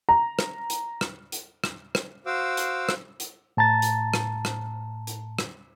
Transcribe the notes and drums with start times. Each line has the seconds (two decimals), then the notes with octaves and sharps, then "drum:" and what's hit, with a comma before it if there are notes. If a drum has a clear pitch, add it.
0.09 A#5
0.39 drum: rim click
0.70 drum: hi-hat
1.01 drum: rim click
1.32 drum: hi-hat
1.64 drum: rim click
1.95 drum: rim click
2.26 F#4 C5 F5 D6 E6
2.57 drum: hi-hat
2.89 drum: rim click
3.20 drum: hi-hat
3.57 A2 A5 A#5 A6
3.82 drum: hi-hat
4.14 drum: rim click
4.45 drum: rim click
5.07 drum: hi-hat
5.39 drum: rim click